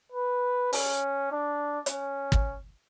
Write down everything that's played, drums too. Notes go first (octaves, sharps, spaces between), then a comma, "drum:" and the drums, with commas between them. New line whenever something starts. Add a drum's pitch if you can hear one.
B4
C#4, drum: open hi-hat
D4
C#4, drum: hi-hat
drum: kick